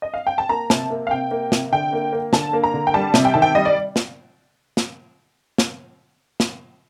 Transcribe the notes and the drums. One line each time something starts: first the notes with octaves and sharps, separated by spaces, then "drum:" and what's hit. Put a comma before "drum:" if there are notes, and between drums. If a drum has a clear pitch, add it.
D#5
F5
G5
A5
A#3 A#5
C3 A5, drum: snare
A#3
F5
C3 G5
A#3
C3, drum: snare
D3 G5
A#3
A#3
D3 A5, drum: snare
A#3
A#5
D3
G5
G3 A5
C3, drum: snare
G5
D#3 A5
G5
G3 D#5
D5
drum: snare
drum: snare
drum: snare
drum: snare